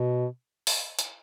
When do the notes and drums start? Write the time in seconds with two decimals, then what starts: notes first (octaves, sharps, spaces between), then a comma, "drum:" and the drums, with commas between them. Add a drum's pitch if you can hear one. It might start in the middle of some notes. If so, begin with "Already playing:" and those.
Already playing: B2
0.67 drum: open hi-hat
0.99 drum: hi-hat